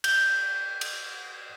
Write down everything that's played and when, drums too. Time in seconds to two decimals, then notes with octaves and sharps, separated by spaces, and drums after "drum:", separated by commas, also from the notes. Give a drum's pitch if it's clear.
0.04 G6, drum: cymbal
0.81 drum: cymbal